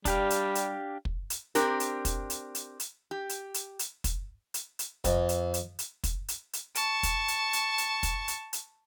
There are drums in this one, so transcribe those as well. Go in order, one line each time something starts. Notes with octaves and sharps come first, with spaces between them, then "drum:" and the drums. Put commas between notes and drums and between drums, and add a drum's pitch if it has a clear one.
G3 D4 G4 F5, drum: kick, hi-hat
drum: hi-hat
drum: hi-hat
drum: kick
drum: hi-hat
C4 D4 G4 A#4, drum: hi-hat
drum: hi-hat
drum: kick, hi-hat
drum: hi-hat
drum: hi-hat
drum: hi-hat
G4
drum: hi-hat
drum: hi-hat
drum: hi-hat
drum: kick, hi-hat
drum: hi-hat
drum: hi-hat
F2, drum: kick, hi-hat
drum: hi-hat
drum: hi-hat
drum: hi-hat
drum: kick, hi-hat
drum: hi-hat
drum: hi-hat
A5 C#6, drum: hi-hat
drum: kick, hi-hat
drum: hi-hat
drum: hi-hat
drum: hi-hat
drum: kick, hi-hat
drum: hi-hat
drum: hi-hat